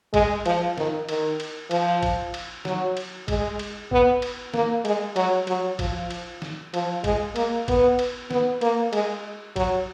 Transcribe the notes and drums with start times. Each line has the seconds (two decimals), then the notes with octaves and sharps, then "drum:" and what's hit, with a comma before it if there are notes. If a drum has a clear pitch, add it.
0.14 G#3, drum: kick G#1, cymbal
0.46 F3, drum: cymbal
0.78 D#3, drum: snare
1.09 D#3, drum: cymbal
1.40 drum: cymbal
1.71 F3, drum: cymbal
2.03 drum: kick G#1, cymbal
2.34 drum: cymbal
2.65 F#3, drum: snare
2.97 drum: cymbal
3.28 G#3, drum: kick G#1, cymbal
3.59 drum: cymbal
3.91 B3, drum: kick G#1
4.22 drum: cymbal
4.54 A#3, drum: snare
4.85 G#3, drum: cymbal
5.16 F#3, drum: cymbal
5.47 F#3, drum: cymbal
5.79 F3, drum: kick G#1, cymbal
6.10 drum: cymbal
6.42 drum: snare
6.74 F3, drum: cymbal
7.04 G#3, drum: kick G#1, cymbal
7.36 A#3, drum: cymbal
7.68 B3, drum: kick G#1, cymbal
7.99 drum: cymbal
8.31 B3, drum: snare
8.61 A#3, drum: cymbal
8.93 G#3, drum: cymbal
9.56 F#3, drum: kick G#1, cymbal